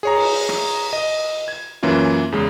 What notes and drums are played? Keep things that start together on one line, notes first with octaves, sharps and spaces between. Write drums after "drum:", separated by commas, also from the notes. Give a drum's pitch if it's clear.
G#4 C#5 A#5
drum: cymbal
drum: rim click
D#5
G#6
F#2 E3 A#3 C#4 F4
E2 C#3 G#3